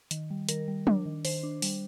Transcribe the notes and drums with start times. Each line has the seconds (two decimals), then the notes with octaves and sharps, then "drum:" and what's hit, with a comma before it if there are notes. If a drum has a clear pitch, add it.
0.11 D#3, drum: hi-hat
0.30 G3
0.49 D#3 A#4, drum: hi-hat
0.68 G3
0.87 D4, drum: tom
1.06 D#3
1.25 D#3 C5, drum: open hi-hat
1.43 D4
1.62 G3, drum: open hi-hat